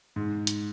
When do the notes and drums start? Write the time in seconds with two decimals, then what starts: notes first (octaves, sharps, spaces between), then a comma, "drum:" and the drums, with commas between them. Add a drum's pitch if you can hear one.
0.16 G#2
0.47 drum: hi-hat